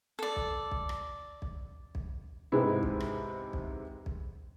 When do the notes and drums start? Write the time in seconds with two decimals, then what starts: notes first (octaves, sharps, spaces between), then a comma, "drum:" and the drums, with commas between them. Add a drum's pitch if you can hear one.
0.19 A4 D5
0.36 drum: kick B1
0.71 drum: kick B1
0.89 drum: rim click
1.42 drum: kick B1
1.95 drum: kick B1
2.52 G#2 C3 G#3 B3 E4
2.83 drum: kick B1
3.00 drum: rim click
3.53 drum: kick B1
4.06 drum: kick B1